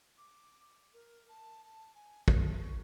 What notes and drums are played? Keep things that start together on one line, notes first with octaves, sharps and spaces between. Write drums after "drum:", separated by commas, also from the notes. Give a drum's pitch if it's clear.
D6
A#4
A5
A5
G#5
B4, drum: kick
C#6